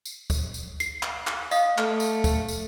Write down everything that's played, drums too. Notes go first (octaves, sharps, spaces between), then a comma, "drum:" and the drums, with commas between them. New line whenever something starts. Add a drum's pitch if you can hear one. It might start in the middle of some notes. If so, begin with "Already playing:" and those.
drum: tambourine
drum: kick, tambourine
drum: tambourine
C7, drum: tambourine
drum: clap
drum: clap
D#5 F5 D#6, drum: tambourine
A3 F6, drum: clap
drum: tambourine
drum: kick, tambourine
drum: tambourine